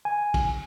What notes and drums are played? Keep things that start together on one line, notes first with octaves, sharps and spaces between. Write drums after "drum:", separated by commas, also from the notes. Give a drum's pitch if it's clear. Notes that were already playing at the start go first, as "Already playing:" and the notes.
G#5
drum: kick, cymbal